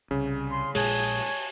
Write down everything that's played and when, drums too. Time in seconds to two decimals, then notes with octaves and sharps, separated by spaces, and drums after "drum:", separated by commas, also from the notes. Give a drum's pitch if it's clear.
0.11 C2 C#3
0.51 C6
0.75 A#1 A#2 G#3 G#4 C#5 G#5 A5, drum: open hi-hat